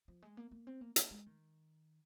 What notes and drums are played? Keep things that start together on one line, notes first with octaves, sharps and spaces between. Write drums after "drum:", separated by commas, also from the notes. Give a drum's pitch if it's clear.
F3
G#3
A#3
A#3
C4
A#3
A#3, drum: hi-hat
G#3
D#3